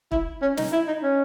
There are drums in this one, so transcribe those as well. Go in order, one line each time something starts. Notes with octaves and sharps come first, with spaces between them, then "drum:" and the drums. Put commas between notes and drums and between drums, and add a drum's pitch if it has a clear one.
E4, drum: kick
C#4
D#4, drum: snare
E4
D#4
C#4